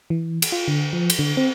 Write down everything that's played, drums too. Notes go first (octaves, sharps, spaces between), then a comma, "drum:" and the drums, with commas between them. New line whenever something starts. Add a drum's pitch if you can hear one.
E3
drum: cymbal
F4
D3
F3
drum: cymbal
D3
C4